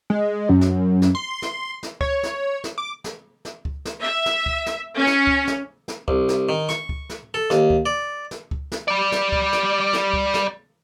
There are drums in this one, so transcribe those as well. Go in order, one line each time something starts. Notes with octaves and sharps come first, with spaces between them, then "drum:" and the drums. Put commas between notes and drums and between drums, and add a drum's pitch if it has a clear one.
G#3
F#2
drum: snare
drum: snare
C6
drum: snare
drum: snare
C#5, drum: kick C#2
drum: snare
drum: snare
D6
drum: snare
drum: snare
drum: kick C#2
drum: snare
E5
drum: snare
drum: kick C#2
drum: snare
C#4
drum: snare
drum: kick C#2
drum: snare
drum: snare
C2, drum: kick C#2
drum: snare
D#3
C#6, drum: snare
drum: kick C#2
drum: snare
A4
D#2, drum: snare
drum: kick C#2
D5
drum: snare
drum: kick C#2
drum: snare
G3 D5
drum: snare
drum: kick C#2
drum: snare
drum: snare
drum: kick C#2
drum: snare